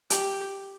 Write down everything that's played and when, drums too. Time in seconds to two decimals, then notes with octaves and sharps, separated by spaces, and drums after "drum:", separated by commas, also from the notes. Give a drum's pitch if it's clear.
0.10 G4, drum: hi-hat